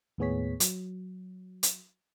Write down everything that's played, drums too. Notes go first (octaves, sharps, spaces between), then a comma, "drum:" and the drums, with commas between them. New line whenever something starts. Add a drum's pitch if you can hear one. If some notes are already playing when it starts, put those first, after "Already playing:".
D#2 A2 B3 G#4 C#5 B6
F#3, drum: hi-hat
drum: hi-hat